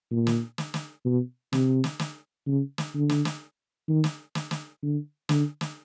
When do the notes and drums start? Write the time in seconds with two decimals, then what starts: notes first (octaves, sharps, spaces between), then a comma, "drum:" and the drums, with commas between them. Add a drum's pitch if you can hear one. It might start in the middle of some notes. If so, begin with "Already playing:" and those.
0.11 A#2
0.27 drum: snare
0.58 drum: snare
0.74 drum: snare
1.05 B2
1.53 C3, drum: snare
1.84 drum: snare
1.99 drum: snare
2.46 C#3
2.78 drum: snare
2.94 D3
3.09 drum: snare
3.25 drum: snare
3.89 D#3
4.04 drum: snare
4.35 drum: snare
4.51 drum: snare
4.83 D3
5.29 D3, drum: snare
5.61 drum: snare